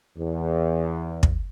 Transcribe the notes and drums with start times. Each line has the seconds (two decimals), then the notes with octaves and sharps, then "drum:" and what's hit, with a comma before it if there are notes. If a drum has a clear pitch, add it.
0.18 E2
1.23 drum: kick